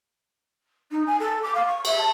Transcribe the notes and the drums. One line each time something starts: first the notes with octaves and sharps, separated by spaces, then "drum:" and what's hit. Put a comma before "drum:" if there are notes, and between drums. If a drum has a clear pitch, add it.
D#4
G#5
A4
D6
F5
C#6
E5, drum: cymbal
A5